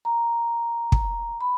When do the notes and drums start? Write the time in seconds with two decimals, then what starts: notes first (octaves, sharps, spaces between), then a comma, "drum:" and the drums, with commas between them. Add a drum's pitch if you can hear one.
0.05 A#5
0.92 drum: kick
1.41 B5